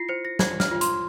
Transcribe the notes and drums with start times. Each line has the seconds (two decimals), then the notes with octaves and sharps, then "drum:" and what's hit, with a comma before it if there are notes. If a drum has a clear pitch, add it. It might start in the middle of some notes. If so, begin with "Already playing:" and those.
Already playing: E4 F4 A#6 C7
0.09 C5 C#7
0.25 A#6
0.39 C5 G#6, drum: snare
0.60 F6, drum: snare
0.71 F4
0.81 C6, drum: hi-hat